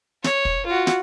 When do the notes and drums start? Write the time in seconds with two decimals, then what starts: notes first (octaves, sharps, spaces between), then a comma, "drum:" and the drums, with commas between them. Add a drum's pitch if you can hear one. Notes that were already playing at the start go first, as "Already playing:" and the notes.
0.24 C#5, drum: snare
0.45 drum: kick
0.66 F4 F#4
0.87 drum: snare